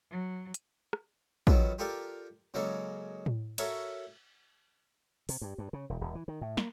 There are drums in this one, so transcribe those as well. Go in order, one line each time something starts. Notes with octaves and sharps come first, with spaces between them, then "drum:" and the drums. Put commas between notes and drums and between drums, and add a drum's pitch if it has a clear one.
F#3
drum: hi-hat
drum: rim click
D#3 F#3 B3 F4 A4, drum: kick
F4 G4 A4 A#4 D5 F5
C#3 F#3 G#3 A#3 A4
drum: tom A2
F#4 A4 A#4 C#5 E5, drum: cymbal
C3, drum: open hi-hat
G2
G2
C#3
E1
D#1
E3
D#3
A2
A#3, drum: snare